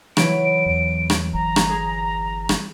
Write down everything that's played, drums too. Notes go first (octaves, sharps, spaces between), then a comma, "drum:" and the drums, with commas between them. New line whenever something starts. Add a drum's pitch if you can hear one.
E3 F#3 E4 D7, drum: rim click
E2
drum: rim click
G1 A#5
drum: rim click
G#4
drum: rim click